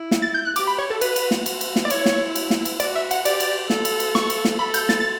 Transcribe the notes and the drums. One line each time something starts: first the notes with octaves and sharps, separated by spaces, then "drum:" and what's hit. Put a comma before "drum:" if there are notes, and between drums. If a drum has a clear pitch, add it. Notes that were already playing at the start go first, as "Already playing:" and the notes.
Already playing: E4
drum: snare
A6
G6
F#6
G4 D6, drum: cymbal
B5
C#5
A4
F#4 B4, drum: cymbal
drum: cymbal
drum: snare
drum: cymbal
drum: cymbal
drum: snare
D5
E4 C#5, drum: cymbal
drum: snare
drum: cymbal
drum: snare
drum: cymbal
F#4 D5, drum: cymbal
E5
F#5, drum: cymbal
G4 D5, drum: cymbal
drum: cymbal
A4, drum: snare
drum: cymbal
drum: cymbal
C#6, drum: snare
drum: cymbal
drum: snare
A4 B5
G6, drum: cymbal
A6, drum: snare
A6